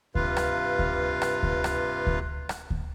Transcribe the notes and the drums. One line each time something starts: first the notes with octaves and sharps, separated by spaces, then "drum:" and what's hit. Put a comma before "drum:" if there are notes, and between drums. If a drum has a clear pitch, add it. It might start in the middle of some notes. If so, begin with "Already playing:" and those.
G2 C3 F4 B4 F5, drum: kick D2
drum: rim click
drum: kick D2
drum: rim click
drum: kick D2
drum: rim click
drum: kick D2
drum: rim click
drum: kick D2